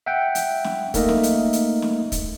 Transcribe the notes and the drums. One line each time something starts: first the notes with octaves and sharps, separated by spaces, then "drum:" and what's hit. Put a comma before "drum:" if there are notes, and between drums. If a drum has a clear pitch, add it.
E5 F#5 G5
drum: hi-hat
drum: snare
A3 A#3 D#4 A#4 D#5 E5, drum: kick, hi-hat
drum: snare
drum: hi-hat
drum: hi-hat
drum: snare
drum: kick, hi-hat